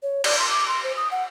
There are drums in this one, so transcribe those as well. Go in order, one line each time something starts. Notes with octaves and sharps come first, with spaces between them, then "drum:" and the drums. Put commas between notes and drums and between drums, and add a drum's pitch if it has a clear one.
C#5
D5, drum: cymbal
C6
D6
C6
C5
D#6
F#5